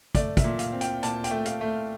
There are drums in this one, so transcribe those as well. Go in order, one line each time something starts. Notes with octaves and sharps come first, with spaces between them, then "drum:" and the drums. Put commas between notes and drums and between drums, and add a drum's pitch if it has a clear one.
A3 D5, drum: kick, hi-hat
E5, drum: kick, hi-hat
A#2
F5, drum: hi-hat
C4
G5, drum: hi-hat
A#2 A5, drum: hi-hat
G5, drum: hi-hat
A3
F5, drum: hi-hat
A3